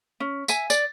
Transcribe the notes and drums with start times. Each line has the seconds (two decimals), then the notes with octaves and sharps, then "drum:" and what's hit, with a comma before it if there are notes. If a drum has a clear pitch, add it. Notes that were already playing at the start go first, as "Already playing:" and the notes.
0.20 C#4
0.48 E5 G#5, drum: tambourine
0.70 D5, drum: tambourine